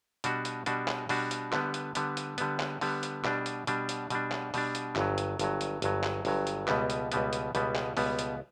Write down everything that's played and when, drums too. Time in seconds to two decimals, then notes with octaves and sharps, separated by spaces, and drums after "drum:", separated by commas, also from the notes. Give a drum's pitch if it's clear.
0.24 B2 G3 D4 F#4, drum: hi-hat
0.45 drum: hi-hat
0.66 B2 G3 D4 F#4, drum: hi-hat
0.88 drum: clap
1.09 B2 G3 D4 F#4, drum: open hi-hat
1.31 drum: hi-hat
1.53 D3 G3 B3, drum: clap
1.74 drum: hi-hat
1.95 D3 G3 B3, drum: hi-hat
2.17 drum: hi-hat
2.38 D3 G3 B3, drum: hi-hat
2.60 drum: clap
2.81 D3 G3 B3, drum: open hi-hat
3.03 drum: hi-hat
3.25 B2 G3 D4, drum: clap
3.46 drum: hi-hat
3.67 B2 G3 D4, drum: hi-hat
3.89 drum: hi-hat
4.10 B2 G3 D4, drum: hi-hat
4.32 drum: clap
4.54 B2 G3 D4, drum: open hi-hat
4.75 drum: hi-hat
4.96 G1 G2 F#3, drum: clap
5.18 drum: hi-hat
5.39 G1 G2 F#3, drum: hi-hat
5.61 drum: hi-hat
5.82 G1 G2 F#3, drum: hi-hat
6.04 drum: clap
6.25 G1 G2 F#3, drum: open hi-hat
6.47 drum: hi-hat
6.68 C#2 B2 G3 B3, drum: clap
6.90 drum: hi-hat
7.12 C#2 B2 G3 B3, drum: hi-hat
7.33 drum: hi-hat
7.55 C#2 B2 G3 B3, drum: hi-hat
7.76 drum: clap
7.97 C#2 B2 G3 B3, drum: open hi-hat
8.19 drum: hi-hat